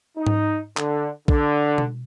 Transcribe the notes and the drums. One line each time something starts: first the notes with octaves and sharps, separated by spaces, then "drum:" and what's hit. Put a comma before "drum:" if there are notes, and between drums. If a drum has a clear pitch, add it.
D#4
drum: tom G#2
D3, drum: clap
D3, drum: kick A#1
drum: tom B2